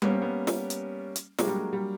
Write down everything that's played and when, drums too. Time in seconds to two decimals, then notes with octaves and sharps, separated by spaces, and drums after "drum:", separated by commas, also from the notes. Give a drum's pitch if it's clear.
0.02 G3 A#3 B3 C#4, drum: tom G3
0.12 C4
0.22 B3
0.47 drum: snare
0.70 drum: hi-hat
1.16 drum: hi-hat
1.39 F#3 G#3 A#3 D4 G4 A#4, drum: snare
1.47 G3
1.56 G#3
1.73 G3